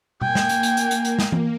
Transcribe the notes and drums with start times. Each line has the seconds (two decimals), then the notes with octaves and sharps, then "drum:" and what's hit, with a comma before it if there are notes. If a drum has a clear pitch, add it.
0.22 A#3 G5 G#5, drum: tom B2
0.35 drum: snare
0.49 drum: hi-hat
0.63 drum: hi-hat
0.77 drum: hi-hat
0.91 drum: hi-hat
1.05 drum: hi-hat
1.19 drum: snare
1.32 drum: tom E3